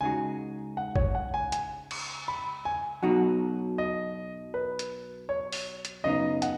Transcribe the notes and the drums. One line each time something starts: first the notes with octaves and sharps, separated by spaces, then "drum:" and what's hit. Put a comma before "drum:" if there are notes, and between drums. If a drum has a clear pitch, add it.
C#2 C#3 G#3 D#4 F#4 G#5
F#5
C#5, drum: kick G#1
F#5
G#5
G#5, drum: hi-hat
drum: cymbal
B5
G#5
B1 B2 F#3 D#4 F#4 F#5
D#5
B4
drum: hi-hat
C#5
drum: open hi-hat
drum: hi-hat
F#2 C#3 B3 D#4 D#5
F#5, drum: hi-hat